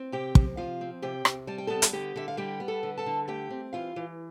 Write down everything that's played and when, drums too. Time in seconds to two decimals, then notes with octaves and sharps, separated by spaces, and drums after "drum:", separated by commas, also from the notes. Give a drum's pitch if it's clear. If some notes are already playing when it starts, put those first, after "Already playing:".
Already playing: C4
0.12 C3 G4 G5
0.35 C3, drum: kick
0.57 F3 F4 F5
0.81 C4
1.02 C3 G4 G5
1.25 C3, drum: rim click
1.47 G3 A5
1.58 G5
1.67 B3 A4 A5
1.82 drum: hi-hat
1.93 D3 G4 G5
2.16 D3 E5
2.28 F5
2.37 G3 G4 G5
2.60 B3
2.68 A4 A5
2.83 D3
2.98 A4 A5
3.06 D3
3.28 A3 G4 G5
3.50 C4
3.73 E3 F4 F5
3.96 E3